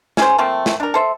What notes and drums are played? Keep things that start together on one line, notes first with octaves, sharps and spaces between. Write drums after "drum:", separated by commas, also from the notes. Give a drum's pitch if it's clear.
C#4 G#4 C5, drum: snare
F3 A3 A#3 C4
drum: snare
D4 A#4
A4 C5 E5